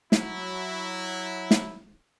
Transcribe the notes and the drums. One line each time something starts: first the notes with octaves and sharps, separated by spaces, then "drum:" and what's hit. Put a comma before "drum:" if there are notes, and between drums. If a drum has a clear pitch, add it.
F#3 E4, drum: snare
drum: snare